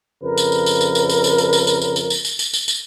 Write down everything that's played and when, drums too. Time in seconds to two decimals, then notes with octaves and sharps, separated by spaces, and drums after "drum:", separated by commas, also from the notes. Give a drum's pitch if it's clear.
0.23 F2 C#3 A#4 B4
0.38 drum: tambourine
0.52 drum: tambourine
0.66 drum: tambourine
0.81 drum: tambourine
0.95 drum: tambourine
1.10 drum: tambourine
1.24 drum: tambourine
1.38 drum: tambourine
1.53 drum: tambourine
1.67 drum: tambourine
1.82 drum: tambourine
1.96 drum: tambourine
2.10 drum: tambourine
2.25 drum: tambourine
2.39 drum: tambourine
2.54 drum: tambourine
2.68 drum: tambourine